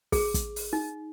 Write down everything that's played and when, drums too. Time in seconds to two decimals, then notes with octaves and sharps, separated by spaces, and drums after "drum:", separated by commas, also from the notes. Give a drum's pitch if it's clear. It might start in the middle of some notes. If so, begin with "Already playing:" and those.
0.12 G#4, drum: kick, open hi-hat
0.34 drum: kick, hi-hat
0.56 drum: open hi-hat
0.73 D#4